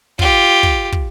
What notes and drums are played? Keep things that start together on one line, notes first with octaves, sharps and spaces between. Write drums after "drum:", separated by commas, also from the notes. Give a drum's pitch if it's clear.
F4 G4, drum: kick
drum: kick
drum: kick